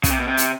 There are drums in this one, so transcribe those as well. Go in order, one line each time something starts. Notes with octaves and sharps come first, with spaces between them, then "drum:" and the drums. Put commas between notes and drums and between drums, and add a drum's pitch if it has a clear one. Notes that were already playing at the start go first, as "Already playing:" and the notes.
C#3, drum: kick, hi-hat
C3
B2
C3
drum: hi-hat